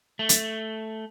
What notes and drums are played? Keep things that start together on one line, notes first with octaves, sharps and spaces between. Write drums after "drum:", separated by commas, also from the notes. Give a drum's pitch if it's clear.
A3
drum: hi-hat